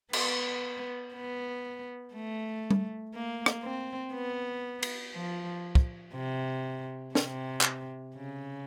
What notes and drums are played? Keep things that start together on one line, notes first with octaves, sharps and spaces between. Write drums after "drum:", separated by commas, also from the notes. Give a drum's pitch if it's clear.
B3, drum: cymbal
B3
A3
drum: tom G3
A#3
drum: rim click
C4
B3
drum: cymbal
F3
drum: kick
C3
C3, drum: snare
drum: clap
C#3